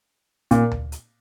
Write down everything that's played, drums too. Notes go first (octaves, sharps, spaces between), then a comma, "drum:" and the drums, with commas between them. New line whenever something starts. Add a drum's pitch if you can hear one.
A#2, drum: kick, hi-hat
drum: tom D2
drum: hi-hat